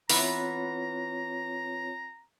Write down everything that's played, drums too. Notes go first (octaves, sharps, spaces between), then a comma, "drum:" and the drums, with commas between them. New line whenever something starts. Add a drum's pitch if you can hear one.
E3 B3 C4 F4 C#5 A#5, drum: open hi-hat